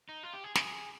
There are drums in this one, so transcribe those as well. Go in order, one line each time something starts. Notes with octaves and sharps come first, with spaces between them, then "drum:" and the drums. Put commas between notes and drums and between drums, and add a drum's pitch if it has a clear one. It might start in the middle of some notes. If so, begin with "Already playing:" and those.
D#4
F4
G4
G#4
G#4, drum: snare